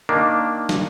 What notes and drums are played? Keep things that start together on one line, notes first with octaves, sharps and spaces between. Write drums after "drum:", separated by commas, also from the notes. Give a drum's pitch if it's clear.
D#3 A#3 D4
drum: snare